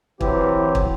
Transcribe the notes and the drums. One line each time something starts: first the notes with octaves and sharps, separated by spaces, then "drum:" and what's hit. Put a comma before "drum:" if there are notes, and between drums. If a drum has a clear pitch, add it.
E3 F#3 C4 G4, drum: kick
drum: kick